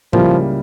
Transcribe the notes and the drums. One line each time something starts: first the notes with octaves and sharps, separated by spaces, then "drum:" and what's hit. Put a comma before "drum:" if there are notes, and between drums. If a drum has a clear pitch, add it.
C#2 C#3 F3 G3 A#3 E4, drum: tom A2